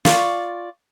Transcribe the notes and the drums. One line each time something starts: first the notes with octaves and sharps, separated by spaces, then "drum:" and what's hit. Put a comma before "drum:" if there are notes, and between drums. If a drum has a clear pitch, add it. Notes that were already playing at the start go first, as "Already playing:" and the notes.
F4 D5 C#6, drum: snare